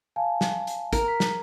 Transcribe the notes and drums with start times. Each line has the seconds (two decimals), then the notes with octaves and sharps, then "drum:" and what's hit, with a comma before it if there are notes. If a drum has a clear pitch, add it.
0.16 F5 G#5 A5
0.41 drum: snare
0.67 drum: hi-hat
0.93 A#4, drum: kick, hi-hat
1.07 A#5 B6
1.20 drum: snare